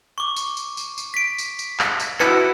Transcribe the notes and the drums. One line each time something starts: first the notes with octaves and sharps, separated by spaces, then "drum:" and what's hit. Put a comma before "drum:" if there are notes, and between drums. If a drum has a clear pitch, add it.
C#6 D6
drum: tambourine
drum: tambourine
drum: tambourine
drum: tambourine
B6 D7
drum: tambourine
drum: tambourine
drum: clap
drum: tambourine
E4 F#4 B4 C#7, drum: clap